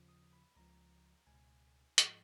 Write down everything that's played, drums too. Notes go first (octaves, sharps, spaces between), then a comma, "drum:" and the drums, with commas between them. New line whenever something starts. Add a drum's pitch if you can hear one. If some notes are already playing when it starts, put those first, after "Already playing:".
Already playing: D#2 C#3 F3
D#6
B5
C#2 C#3 F3 A#5
C#2 B2 G#5
G#2 F3, drum: hi-hat